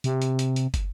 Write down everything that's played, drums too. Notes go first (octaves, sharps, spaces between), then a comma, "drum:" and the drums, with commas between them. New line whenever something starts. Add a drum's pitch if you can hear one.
C3, drum: hi-hat
drum: hi-hat
drum: hi-hat
drum: hi-hat
drum: kick, hi-hat